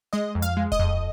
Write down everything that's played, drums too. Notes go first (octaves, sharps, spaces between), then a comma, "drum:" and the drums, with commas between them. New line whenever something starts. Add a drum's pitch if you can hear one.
G#3 D#5
F2
F5, drum: hi-hat
G#3
D#5, drum: kick D#1
F2